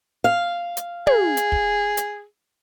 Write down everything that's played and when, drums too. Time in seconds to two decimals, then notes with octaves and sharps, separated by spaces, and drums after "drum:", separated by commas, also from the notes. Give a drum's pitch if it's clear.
0.24 F5
0.77 drum: hi-hat
1.07 G#4, drum: tom
1.37 drum: hi-hat
1.52 drum: kick
1.97 drum: hi-hat